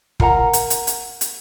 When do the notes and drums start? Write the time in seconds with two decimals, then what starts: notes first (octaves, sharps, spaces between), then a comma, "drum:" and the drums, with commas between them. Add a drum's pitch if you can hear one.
0.20 F4 A#4 F#5 A#5, drum: kick
0.53 drum: hi-hat
0.70 drum: hi-hat
0.87 drum: hi-hat
1.21 drum: hi-hat